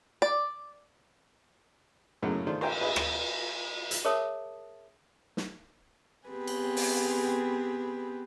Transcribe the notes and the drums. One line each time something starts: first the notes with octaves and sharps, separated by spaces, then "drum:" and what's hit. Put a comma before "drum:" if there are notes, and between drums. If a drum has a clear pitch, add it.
D5
F#2 A2 C#3 F#3 G#3 A#3
D#3 A3 D4 F4 C5
G5 G#5 A#5 C6, drum: cymbal
G#4 B4 D#5 E5
drum: rim click
drum: hi-hat
G#4 A#4 C#5 E5 A5 D#6
drum: snare
B3 C4 G4 G#4 B4
drum: cymbal
drum: open hi-hat